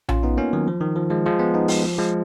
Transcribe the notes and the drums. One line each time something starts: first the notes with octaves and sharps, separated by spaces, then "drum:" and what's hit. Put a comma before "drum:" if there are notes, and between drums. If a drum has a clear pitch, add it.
C#4 F4, drum: tom A#1
B3 D#4
A#3 C#4
D#3 F#3
F3
D#3
F3
F3 G#3
F3 G#3
G#3 B3
B3 D#4
F3, drum: open hi-hat
F3
F3 G#3